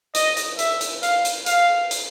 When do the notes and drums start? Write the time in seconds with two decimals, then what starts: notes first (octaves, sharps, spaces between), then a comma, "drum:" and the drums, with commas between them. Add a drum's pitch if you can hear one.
0.15 D#5, drum: hi-hat
0.37 drum: hi-hat
0.59 E5, drum: hi-hat
0.81 drum: hi-hat
1.03 F5, drum: hi-hat
1.25 drum: hi-hat
1.46 F5, drum: hi-hat
1.91 drum: hi-hat